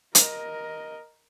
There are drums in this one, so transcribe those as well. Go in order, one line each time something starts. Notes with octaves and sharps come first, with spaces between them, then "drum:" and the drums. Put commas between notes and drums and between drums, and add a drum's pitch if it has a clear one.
A#4 D#5, drum: hi-hat